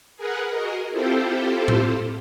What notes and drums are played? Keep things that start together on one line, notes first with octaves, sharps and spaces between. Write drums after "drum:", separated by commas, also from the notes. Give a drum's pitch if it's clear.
G#4 A#4 B4 F#5
F#4 G#4 A#4 D#5
C4 E4 F4 G4 A4 C5
drum: tom A2